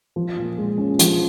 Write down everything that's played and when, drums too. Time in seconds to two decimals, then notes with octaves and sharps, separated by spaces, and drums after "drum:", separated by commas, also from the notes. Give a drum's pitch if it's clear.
0.16 F3
0.37 A#2
0.58 G#3
0.78 C#4
0.99 F3, drum: hi-hat